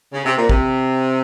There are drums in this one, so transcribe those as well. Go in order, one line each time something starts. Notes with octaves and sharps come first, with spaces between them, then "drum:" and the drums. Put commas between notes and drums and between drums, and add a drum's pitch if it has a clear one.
C#3
C3
A#2
C3, drum: kick